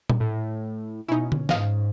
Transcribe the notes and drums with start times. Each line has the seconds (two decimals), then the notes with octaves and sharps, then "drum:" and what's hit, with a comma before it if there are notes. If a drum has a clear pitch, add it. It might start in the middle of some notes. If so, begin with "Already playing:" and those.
0.10 drum: tom A#2
0.20 A2
1.08 B2 C#4 D#4 E4
1.32 drum: tom D3
1.49 G#2 D#5 F5, drum: snare